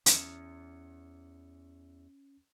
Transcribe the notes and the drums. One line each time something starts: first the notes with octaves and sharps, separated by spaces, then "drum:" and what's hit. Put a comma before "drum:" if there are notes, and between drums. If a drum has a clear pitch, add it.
E2 C#4 C#7, drum: hi-hat